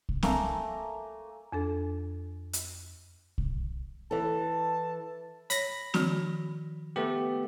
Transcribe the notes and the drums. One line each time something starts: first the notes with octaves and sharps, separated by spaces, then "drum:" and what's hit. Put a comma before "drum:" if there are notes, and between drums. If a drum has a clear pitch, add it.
drum: kick
A3 A#3 G#5 A#5, drum: snare C4
F2 D4 A4
drum: hi-hat
drum: kick
E3 A4 A5
C#5 B5 A#6, drum: hi-hat
D#3 F3 F#4, drum: snare C4
A3 B3 G4